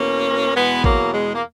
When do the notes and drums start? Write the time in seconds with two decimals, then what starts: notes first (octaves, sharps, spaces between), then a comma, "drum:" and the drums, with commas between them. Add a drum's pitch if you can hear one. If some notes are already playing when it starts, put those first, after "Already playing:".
Already playing: E2 B2 A#3 C#4
0.54 E2 B2 G#3 B3
0.84 F#3 A#3, drum: kick A1
1.13 G#3
1.34 A#3